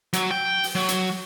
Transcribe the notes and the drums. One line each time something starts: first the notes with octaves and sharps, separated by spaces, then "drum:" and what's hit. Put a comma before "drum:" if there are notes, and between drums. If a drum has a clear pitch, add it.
F#3, drum: hi-hat
G5
drum: open hi-hat
F#3
drum: hi-hat